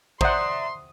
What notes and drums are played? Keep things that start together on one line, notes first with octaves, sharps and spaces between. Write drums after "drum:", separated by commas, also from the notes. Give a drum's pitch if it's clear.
C5 D5 E5 F#5 A#5 C6 D#6, drum: kick